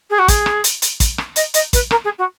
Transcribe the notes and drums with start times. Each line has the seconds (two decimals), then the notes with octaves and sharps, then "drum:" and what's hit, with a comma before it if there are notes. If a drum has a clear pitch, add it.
0.10 G#4
0.18 F#4
0.28 G#4, drum: kick, hi-hat
0.46 drum: rim click
0.64 drum: hi-hat
0.82 drum: hi-hat
1.00 drum: kick, hi-hat
1.18 drum: rim click
1.36 D#5, drum: hi-hat
1.54 D#5, drum: hi-hat
1.73 B4, drum: kick, hi-hat
1.91 A#4, drum: rim click
2.04 G#4
2.18 F#4